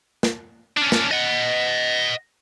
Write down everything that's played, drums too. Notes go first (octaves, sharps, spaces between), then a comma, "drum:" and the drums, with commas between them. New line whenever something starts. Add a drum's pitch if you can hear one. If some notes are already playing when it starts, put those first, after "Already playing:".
drum: snare
C#4 D4
drum: snare
D#5 F#5